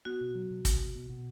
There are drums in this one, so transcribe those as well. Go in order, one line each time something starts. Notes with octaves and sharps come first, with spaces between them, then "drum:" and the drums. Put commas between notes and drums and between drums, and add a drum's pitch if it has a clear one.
B3 F#4
B2
F#3
B2
B2, drum: kick, hi-hat
B2
B2
B2